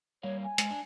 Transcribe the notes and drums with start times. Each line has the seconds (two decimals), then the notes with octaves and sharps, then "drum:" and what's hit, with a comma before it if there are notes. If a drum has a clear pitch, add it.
0.23 G3 A#3 C#5 F5
0.44 G#5
0.58 G#3, drum: hi-hat
0.71 D4